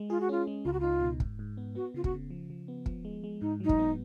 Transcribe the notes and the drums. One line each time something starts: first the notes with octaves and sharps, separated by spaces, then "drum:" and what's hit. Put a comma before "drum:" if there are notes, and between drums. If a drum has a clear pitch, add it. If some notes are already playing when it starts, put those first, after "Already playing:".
Already playing: G#3
F4 G#4
F#4
C#4 F4
G#3
C#2 F4
F#4
D#4 F4
B2
G#2, drum: kick
G#2
B3
B3 F#4
C#3 F4
F#4, drum: kick
C#3
F3
F3
B3
F3, drum: kick
G#3
G#3
G#2 D#4
F#3 D#4
drum: kick
B3